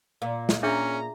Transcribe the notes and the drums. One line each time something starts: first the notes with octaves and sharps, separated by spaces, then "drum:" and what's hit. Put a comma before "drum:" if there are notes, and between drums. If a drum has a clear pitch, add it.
A#2 F5
drum: snare
C#4 D4 G#4 E5 A#5